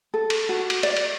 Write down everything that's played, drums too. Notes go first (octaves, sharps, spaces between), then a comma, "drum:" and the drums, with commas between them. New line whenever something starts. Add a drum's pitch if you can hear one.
A4
drum: cymbal
F#4
drum: cymbal
D5, drum: cymbal
drum: cymbal